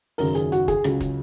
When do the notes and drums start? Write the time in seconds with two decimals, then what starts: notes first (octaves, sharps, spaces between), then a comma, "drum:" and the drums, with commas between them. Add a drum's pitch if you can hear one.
0.18 G#1 F#2 C#3 A#4, drum: open hi-hat
0.35 G#4, drum: hi-hat
0.52 F#4, drum: hi-hat
0.68 G#4, drum: kick, hi-hat
0.84 C#2 C#3 F#3, drum: rim click
1.00 drum: kick, hi-hat